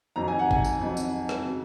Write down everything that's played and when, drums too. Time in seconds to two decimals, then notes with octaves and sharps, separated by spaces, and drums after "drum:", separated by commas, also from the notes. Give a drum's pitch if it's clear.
0.16 F2 D#3 F#3 A#5
0.28 G#5
0.39 F#5
0.51 G#5, drum: kick G#1
0.64 drum: tambourine
0.81 F2 D#3 F#3
0.97 drum: tambourine
1.29 drum: rim click
1.45 C#3 F#3